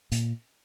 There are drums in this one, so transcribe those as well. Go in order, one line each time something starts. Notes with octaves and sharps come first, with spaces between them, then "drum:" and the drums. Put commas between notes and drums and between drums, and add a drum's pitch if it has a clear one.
A#2, drum: hi-hat